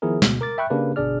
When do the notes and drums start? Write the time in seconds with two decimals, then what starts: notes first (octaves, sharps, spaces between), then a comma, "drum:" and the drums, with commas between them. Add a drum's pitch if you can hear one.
0.02 D#3 F3 B3 E4 G#4 A#4
0.22 D2 B2, drum: snare
0.41 A#4 D6 A6
0.58 E5 G5 B5 C#6 F#6
0.70 C#3 A#3 D4 G4 B4
0.96 G1 B2 D4 G#4 D5 F6